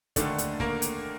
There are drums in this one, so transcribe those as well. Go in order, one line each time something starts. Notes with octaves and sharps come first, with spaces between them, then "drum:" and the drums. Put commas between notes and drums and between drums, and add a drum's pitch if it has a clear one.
D#2 D3 A3 D4 D5, drum: kick, hi-hat
drum: hi-hat
A#3 A#4, drum: kick
drum: hi-hat